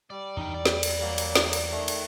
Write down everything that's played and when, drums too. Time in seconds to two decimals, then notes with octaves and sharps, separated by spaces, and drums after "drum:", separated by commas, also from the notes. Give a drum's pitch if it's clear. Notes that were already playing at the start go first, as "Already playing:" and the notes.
0.10 G3 D5
0.37 E2 E3 D4 D#4 G5
0.54 D5
0.65 drum: snare
0.83 drum: cymbal
1.00 F#3 G3 A#3
1.18 drum: cymbal
1.35 drum: snare
1.53 drum: cymbal
1.71 D#3 A3
1.88 drum: cymbal